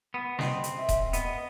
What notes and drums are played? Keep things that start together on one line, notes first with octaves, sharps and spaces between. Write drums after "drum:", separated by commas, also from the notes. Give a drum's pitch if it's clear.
B3
C4 D#5, drum: snare
drum: hi-hat
E5
drum: kick D#1, hi-hat
B3 D#5, drum: hi-hat